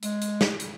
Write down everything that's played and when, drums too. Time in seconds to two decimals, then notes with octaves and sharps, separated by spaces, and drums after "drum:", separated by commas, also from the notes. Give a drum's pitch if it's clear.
0.03 G#3, drum: hi-hat
0.22 drum: hi-hat
0.41 drum: snare
0.60 drum: hi-hat